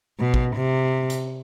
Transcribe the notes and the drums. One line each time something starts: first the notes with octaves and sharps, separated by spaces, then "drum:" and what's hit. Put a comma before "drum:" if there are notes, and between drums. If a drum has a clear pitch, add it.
B2
drum: kick
C3
drum: hi-hat